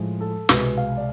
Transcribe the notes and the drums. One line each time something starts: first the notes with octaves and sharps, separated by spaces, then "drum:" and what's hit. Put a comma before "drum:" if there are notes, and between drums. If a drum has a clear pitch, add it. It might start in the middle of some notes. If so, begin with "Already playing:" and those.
Already playing: A2 F3 G#3
A4
C2 B2 G#3 B4, drum: snare
F5
D5